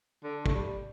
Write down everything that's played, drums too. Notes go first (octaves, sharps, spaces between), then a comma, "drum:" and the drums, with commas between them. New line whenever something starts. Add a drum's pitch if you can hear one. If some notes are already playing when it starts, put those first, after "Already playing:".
D3
A3, drum: kick
G3